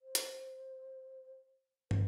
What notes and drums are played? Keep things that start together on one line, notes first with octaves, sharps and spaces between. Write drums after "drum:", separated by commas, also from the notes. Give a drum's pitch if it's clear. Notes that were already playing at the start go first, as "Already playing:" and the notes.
C5
drum: hi-hat
B4, drum: tom